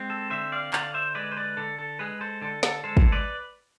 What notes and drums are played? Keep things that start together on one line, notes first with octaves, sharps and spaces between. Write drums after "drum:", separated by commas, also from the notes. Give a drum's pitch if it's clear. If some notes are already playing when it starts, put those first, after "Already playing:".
Already playing: G#3 C4
A4
D3 C5 E5
D5 F5
D3 D5 F5, drum: clap
C5 E5
G#3 B4 D5
C5
B4 D5
D3 A4
A4
G#3 G#4 B4
A4 C5
D3 A4
A4, drum: snare
G#3 A4 C5
drum: kick
B4 D5